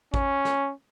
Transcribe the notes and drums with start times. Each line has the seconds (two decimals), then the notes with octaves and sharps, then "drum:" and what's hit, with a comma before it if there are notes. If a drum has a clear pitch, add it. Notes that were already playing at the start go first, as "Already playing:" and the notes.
0.14 C#4, drum: kick G#1
0.45 drum: snare